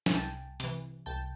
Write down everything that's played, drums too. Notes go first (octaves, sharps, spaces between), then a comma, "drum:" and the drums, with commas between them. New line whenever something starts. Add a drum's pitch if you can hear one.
G#5, drum: snare
C2 G5 A5
C3 E3, drum: hi-hat
C2 G5 A5